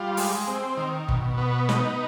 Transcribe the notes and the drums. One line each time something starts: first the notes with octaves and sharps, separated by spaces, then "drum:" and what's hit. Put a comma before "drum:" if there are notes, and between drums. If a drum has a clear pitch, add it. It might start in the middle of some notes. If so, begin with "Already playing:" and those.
Already playing: G3 F4
G#3, drum: open hi-hat
C4
D#3
B2, drum: kick
B3
D#4, drum: snare